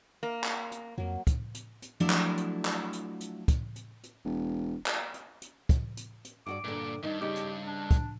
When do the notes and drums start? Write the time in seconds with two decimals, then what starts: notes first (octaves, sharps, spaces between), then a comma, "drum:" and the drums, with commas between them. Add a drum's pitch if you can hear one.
0.23 A#3
0.44 drum: clap
0.72 drum: hi-hat
0.98 F2 F#3 A#3
1.27 drum: kick, hi-hat
1.55 drum: hi-hat
1.82 drum: hi-hat
2.00 F3 F#3 A3 D4 E4
2.10 drum: clap
2.37 drum: hi-hat
2.65 drum: clap
2.93 drum: hi-hat
3.20 drum: hi-hat
3.48 drum: kick, hi-hat
3.76 drum: hi-hat
4.03 drum: hi-hat
4.25 E1
4.86 drum: clap
5.14 drum: hi-hat
5.42 drum: hi-hat
5.69 drum: kick, hi-hat
5.97 drum: hi-hat
6.25 drum: hi-hat
6.46 G2 F#4 D5 D6
6.64 G2 A#2 D3
7.03 E2 G2 D#3 D#4
7.21 C#3 D#4 G4
7.35 drum: hi-hat
7.67 D4
7.91 drum: kick, hi-hat